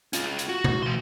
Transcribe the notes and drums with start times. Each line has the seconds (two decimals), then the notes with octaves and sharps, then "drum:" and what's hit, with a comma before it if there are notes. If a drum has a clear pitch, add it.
0.13 C#4 F4, drum: hi-hat
0.39 drum: hi-hat
0.49 F#4
0.64 drum: tom B2
0.83 E3 C6